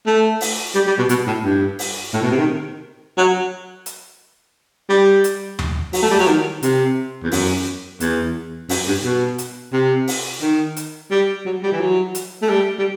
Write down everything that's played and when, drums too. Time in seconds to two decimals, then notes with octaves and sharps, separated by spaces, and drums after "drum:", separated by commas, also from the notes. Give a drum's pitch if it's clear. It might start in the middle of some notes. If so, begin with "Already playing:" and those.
0.06 A3
0.41 drum: open hi-hat
0.75 G3
0.87 G3
0.98 B2
1.09 B2, drum: hi-hat
1.27 A2
1.44 G2
1.79 drum: open hi-hat
2.13 A2
2.22 B2
2.31 C3
2.39 D#3
3.17 F#3
3.86 drum: hi-hat
4.89 G3
5.24 drum: hi-hat
5.59 drum: tom D#2
5.93 F#3, drum: open hi-hat
6.02 A3
6.10 G3
6.19 F#3
6.28 D#3
6.63 C3, drum: hi-hat
7.23 E2
7.32 F#2, drum: open hi-hat
8.00 E2, drum: hi-hat
8.69 F#2, drum: open hi-hat
8.87 G2
9.04 B2
9.39 drum: hi-hat
9.73 C3
10.08 drum: open hi-hat
10.41 D#3
10.77 drum: hi-hat
11.11 G3
11.46 F#3
11.63 G3
11.72 E3
11.80 F#3
12.15 drum: hi-hat
12.42 A3
12.49 G3
12.79 G3